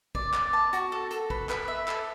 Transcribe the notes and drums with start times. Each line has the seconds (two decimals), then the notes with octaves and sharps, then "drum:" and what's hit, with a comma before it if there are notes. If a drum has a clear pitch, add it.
0.15 D5, drum: kick
0.34 D5, drum: clap
0.53 A5
0.73 F#4, drum: hi-hat
0.92 A4
1.11 A4, drum: hi-hat
1.30 B4, drum: kick
1.49 B4, drum: clap
1.68 E5
1.88 A4, drum: clap